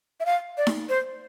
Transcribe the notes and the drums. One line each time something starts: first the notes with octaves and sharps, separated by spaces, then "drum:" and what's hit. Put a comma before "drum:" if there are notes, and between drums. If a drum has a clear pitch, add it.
E5
F5
D5
drum: snare D#4
C5